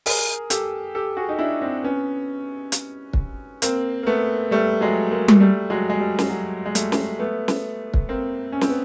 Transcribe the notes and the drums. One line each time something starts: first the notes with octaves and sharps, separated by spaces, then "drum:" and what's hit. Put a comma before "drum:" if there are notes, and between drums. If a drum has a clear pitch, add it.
G#4 A#4, drum: open hi-hat
G4 A4, drum: hi-hat
G4 A4
F#4 G#4
D#4
D4 E4
C4 D4
B3 C#4
drum: hi-hat
drum: kick
A#3 C4, drum: hi-hat
A#3
A3 B3
G3 A3
F#3 G#3
G#3 A#3
drum: tom G3
G3 A3
F#3 G#3
G#3
G3
drum: snare
F#3
G#3
G3 A3, drum: hi-hat
drum: snare
A3 B3
drum: snare
drum: kick
A#3 C4
C#4
C4, drum: snare
B3